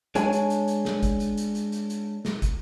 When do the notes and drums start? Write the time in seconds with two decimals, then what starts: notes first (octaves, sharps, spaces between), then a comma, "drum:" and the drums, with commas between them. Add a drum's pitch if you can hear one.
0.15 G#3 D4 C#5 G#5, drum: hi-hat
0.33 drum: hi-hat
0.50 drum: hi-hat
0.68 drum: hi-hat
0.85 drum: snare
1.03 drum: kick, hi-hat
1.20 drum: hi-hat
1.37 drum: hi-hat
1.55 drum: hi-hat
1.72 drum: hi-hat
1.90 drum: hi-hat
2.25 drum: snare
2.42 drum: kick, hi-hat